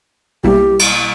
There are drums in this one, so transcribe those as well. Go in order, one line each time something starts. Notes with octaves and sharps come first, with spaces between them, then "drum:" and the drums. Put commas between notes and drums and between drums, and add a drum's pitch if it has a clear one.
B1 B2 G3 A#3 E4 G4
drum: cymbal